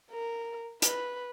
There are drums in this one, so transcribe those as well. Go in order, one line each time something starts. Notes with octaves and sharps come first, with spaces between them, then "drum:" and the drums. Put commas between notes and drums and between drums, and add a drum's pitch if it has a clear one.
A#4
B4, drum: hi-hat